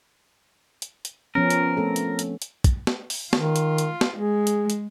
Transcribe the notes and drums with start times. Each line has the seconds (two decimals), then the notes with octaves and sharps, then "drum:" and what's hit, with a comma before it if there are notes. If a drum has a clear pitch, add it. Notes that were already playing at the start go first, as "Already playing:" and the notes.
0.82 drum: hi-hat
1.05 drum: hi-hat
1.35 F3 B3 C#4 A#4
1.50 drum: hi-hat
1.77 A3 C4 A4
1.96 drum: hi-hat
2.19 drum: hi-hat
2.42 drum: hi-hat
2.64 drum: kick, hi-hat
2.87 drum: snare
3.10 drum: open hi-hat
3.33 D#3 F4, drum: snare
3.56 drum: hi-hat
3.78 drum: hi-hat
4.01 drum: snare
4.17 G#3 G#4
4.47 drum: hi-hat
4.70 drum: hi-hat